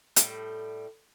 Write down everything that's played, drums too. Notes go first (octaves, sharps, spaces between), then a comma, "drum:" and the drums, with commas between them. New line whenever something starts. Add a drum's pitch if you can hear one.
A2 G3, drum: hi-hat